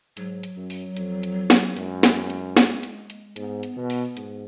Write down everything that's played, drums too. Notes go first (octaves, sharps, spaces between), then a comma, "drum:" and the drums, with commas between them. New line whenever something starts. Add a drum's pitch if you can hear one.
G#2 F#3, drum: hi-hat
drum: hi-hat
F#2
drum: open hi-hat
F2, drum: hi-hat
drum: hi-hat
drum: snare
F#2 G#3, drum: hi-hat
drum: snare
drum: hi-hat
drum: snare
drum: hi-hat
drum: hi-hat
G#2 B3, drum: hi-hat
drum: hi-hat
B2
drum: open hi-hat
G#2, drum: hi-hat